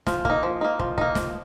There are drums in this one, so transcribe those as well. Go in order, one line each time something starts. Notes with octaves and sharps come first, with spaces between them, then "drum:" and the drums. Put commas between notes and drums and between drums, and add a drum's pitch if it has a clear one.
F3, drum: snare
A#3 D#4, drum: kick
F3
A#3 D#4
F3, drum: kick
A#3 D#4, drum: kick
F3, drum: snare